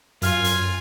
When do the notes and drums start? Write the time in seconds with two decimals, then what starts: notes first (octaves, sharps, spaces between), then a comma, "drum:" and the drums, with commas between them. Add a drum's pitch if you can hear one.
0.22 F#2 F4 G#5 F6, drum: hi-hat
0.44 drum: hi-hat